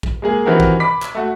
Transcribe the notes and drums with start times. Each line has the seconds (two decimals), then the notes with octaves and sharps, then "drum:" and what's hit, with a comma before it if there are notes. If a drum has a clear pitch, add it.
0.03 drum: kick
0.22 G#3 A#3 G#4
0.46 D#3 E3 C4 F#4 G4 A#4
0.60 drum: kick
0.80 B5 D6 B6
1.02 drum: clap
1.15 A3 F#4